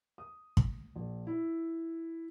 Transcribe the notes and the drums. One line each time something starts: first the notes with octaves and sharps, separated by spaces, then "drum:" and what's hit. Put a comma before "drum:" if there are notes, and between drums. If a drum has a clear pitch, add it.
D#6
drum: kick
A#1
E4